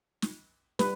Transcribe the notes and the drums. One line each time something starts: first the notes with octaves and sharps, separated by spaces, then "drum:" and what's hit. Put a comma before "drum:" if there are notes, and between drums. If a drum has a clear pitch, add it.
drum: snare
G3 B4, drum: snare